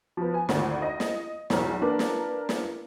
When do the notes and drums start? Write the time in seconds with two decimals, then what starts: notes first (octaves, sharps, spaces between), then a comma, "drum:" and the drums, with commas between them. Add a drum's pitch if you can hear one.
0.17 F3 B3
0.34 G#5
0.49 G#1 D2, drum: snare
0.82 D#5
1.00 drum: snare
1.50 B1 E2, drum: snare
1.82 A#3 D4 A#4 B4
1.99 drum: snare
2.49 drum: snare